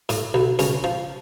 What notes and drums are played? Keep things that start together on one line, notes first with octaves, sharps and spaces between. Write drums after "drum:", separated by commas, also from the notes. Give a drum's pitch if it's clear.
A2, drum: hi-hat
B1
C#2 C#4, drum: hi-hat
F3